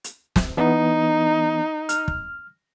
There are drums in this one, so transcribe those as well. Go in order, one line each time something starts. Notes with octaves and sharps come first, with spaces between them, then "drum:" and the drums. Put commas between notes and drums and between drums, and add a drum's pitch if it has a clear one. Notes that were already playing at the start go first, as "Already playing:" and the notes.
drum: hi-hat
drum: snare
E3 B3 D#4
F6, drum: hi-hat
drum: kick